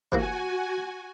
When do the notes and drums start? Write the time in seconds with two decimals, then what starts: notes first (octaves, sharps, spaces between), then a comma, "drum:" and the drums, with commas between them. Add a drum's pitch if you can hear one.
0.12 C3 E3 A#3 F#4 G#5, drum: kick